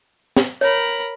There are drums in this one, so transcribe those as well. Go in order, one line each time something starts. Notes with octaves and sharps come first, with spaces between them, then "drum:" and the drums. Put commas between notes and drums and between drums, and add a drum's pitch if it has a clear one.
drum: snare
A#4 C#5 B5